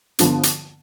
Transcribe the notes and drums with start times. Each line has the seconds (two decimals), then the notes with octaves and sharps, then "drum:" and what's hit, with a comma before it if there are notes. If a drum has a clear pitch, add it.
0.19 G2 D3 F3 B3, drum: hi-hat
0.43 drum: hi-hat